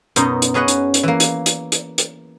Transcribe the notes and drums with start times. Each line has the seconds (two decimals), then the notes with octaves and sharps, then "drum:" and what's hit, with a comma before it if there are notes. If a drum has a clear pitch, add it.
0.16 F#2 B2 D#4, drum: hi-hat
0.42 drum: hi-hat
0.54 C#4 G#4 B4 D#5 F#5
0.68 drum: hi-hat
0.94 drum: hi-hat
1.03 E3 A#3
1.20 drum: hi-hat
1.46 drum: hi-hat
1.72 drum: hi-hat
1.98 drum: hi-hat